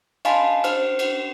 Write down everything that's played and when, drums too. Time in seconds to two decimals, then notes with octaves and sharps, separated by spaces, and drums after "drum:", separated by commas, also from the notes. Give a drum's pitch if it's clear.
0.25 D#5 F5 G#5 A5 B5 C6, drum: cymbal
0.64 C5 F6, drum: cymbal
0.99 drum: cymbal